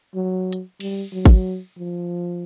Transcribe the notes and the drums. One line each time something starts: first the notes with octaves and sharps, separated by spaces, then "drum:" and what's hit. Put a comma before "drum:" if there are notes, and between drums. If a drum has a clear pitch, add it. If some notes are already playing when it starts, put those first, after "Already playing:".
F#3
drum: hi-hat
G3, drum: cymbal
F#3
drum: kick G#1
F3